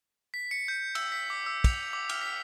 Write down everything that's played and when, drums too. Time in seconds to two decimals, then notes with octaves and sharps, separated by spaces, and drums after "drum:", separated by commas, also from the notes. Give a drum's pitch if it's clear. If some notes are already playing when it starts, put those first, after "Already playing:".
0.34 B6
0.51 C#7
0.68 G6
0.95 E6, drum: cymbal
1.12 B6
1.30 D6
1.46 E6
1.64 F7, drum: kick, cymbal
1.93 D6
2.09 F6, drum: cymbal
2.21 B6